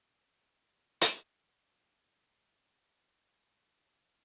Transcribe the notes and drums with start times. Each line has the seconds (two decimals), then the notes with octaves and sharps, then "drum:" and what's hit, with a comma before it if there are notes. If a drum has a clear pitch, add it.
0.19 C#3
0.47 D3
1.02 drum: hi-hat
1.31 E3
1.60 E3
1.88 E3
2.16 D#3
2.45 C#3
3.01 C#3
3.29 C3
3.57 B2